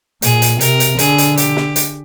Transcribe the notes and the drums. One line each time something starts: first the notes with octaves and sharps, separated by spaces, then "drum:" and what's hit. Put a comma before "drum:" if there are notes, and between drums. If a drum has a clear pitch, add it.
A#2 G#4, drum: hi-hat
drum: hi-hat
C3 A#4, drum: hi-hat
drum: hi-hat
D3 G#4, drum: hi-hat
drum: hi-hat
G4, drum: hi-hat
drum: snare
drum: hi-hat